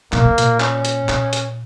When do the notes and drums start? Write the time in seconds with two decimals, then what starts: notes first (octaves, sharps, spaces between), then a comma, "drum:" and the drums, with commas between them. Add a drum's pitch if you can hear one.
0.13 A#2 A#3, drum: clap
0.25 C#3
0.38 A#2, drum: hi-hat
0.60 C#4, drum: clap
0.85 drum: hi-hat
1.09 A#2, drum: clap
1.33 drum: hi-hat